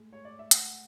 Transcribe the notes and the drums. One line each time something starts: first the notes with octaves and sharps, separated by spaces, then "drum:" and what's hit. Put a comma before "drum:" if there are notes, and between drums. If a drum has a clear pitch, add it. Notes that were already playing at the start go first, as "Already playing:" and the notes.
Already playing: A2 G#3
C#5
D5
E5
F#5, drum: hi-hat